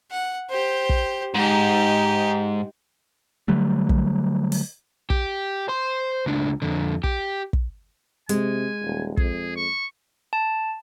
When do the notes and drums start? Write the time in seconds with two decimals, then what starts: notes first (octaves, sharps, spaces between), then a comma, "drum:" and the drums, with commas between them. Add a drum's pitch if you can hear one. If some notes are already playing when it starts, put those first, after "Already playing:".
0.11 F#5
0.50 G4 C5
0.89 drum: kick
1.35 G#2 D#4 G4
3.48 D3 F#3 G3 A3
3.89 drum: kick
4.52 drum: open hi-hat
5.10 G4, drum: kick
5.68 C5 C6
6.26 C#2 D4
6.62 F2 D3
7.04 G4, drum: kick
7.53 drum: kick
8.29 C3 G#3 G#5, drum: hi-hat
8.83 D#1
9.17 F2 G#4, drum: kick
9.57 C#6
10.33 A5